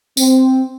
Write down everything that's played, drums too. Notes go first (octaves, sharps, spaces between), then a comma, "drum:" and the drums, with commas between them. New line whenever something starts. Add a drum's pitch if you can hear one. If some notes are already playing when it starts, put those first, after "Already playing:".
C4, drum: tambourine